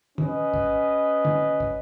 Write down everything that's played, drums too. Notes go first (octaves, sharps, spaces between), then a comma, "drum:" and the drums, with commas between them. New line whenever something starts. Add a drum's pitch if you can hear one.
C#4 B4 D#5, drum: tom
drum: kick
drum: tom
drum: kick